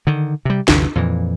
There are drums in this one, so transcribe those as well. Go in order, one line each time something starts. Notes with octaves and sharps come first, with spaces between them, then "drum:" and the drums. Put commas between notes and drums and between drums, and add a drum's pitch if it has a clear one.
D3 D#3
C3 G3
G1 D2 C3 E3, drum: snare
F2 A#2 E3